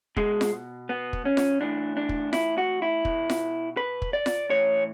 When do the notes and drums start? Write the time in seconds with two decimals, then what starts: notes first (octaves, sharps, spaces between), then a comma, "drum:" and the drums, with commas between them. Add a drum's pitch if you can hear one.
0.17 B2 G#3, drum: kick
0.41 drum: snare F4
0.89 B3
1.13 drum: kick
1.25 C#4
1.37 drum: snare F4
1.61 A2 E3 D4
1.97 D4
2.09 drum: kick
2.33 E4, drum: snare F4
2.58 F#4
2.82 E4
3.05 B2, drum: kick
3.30 drum: snare F4
3.77 B4
4.02 drum: kick
4.13 D5
4.26 drum: snare F4
4.50 A2 E3 C#5